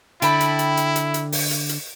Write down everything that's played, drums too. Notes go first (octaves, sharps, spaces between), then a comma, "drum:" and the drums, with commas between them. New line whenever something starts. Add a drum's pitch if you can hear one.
D3 E4 G5 A5 B5, drum: hi-hat
drum: hi-hat
drum: hi-hat
drum: hi-hat
drum: hi-hat
drum: hi-hat
drum: open hi-hat
drum: hi-hat
drum: hi-hat